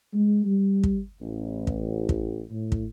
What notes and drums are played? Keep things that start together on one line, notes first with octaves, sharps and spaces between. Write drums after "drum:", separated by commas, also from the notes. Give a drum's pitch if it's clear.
G#3
G3
drum: kick
A1
drum: kick
drum: kick
A2
drum: kick